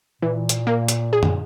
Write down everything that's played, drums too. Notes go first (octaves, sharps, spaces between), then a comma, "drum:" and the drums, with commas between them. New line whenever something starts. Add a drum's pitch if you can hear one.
A#2 E3
drum: hi-hat
A#3
drum: hi-hat
G#4
drum: tom F#2